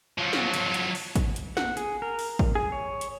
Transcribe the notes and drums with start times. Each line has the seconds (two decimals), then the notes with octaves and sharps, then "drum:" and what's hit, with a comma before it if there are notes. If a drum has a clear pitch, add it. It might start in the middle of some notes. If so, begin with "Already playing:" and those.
0.18 F3 F#3
0.33 drum: snare
0.54 drum: hi-hat
0.74 drum: hi-hat
0.95 drum: open hi-hat
1.16 drum: kick A1, hi-hat
1.36 drum: hi-hat
1.57 F#5, drum: snare
1.77 G#4, drum: hi-hat
2.02 A#4
2.19 drum: open hi-hat
2.39 drum: kick A1
2.55 G#4
2.72 C#5
3.01 drum: hi-hat